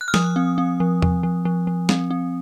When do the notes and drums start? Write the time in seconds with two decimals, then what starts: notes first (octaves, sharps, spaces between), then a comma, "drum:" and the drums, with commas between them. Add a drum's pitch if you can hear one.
0.01 F#6
0.08 F6
0.14 F3 D#6, drum: snare
0.36 C4
0.58 C4
0.80 F3
1.02 F3, drum: tom E2
1.23 F3
1.45 F3
1.67 F3
1.89 C4, drum: snare
2.11 C4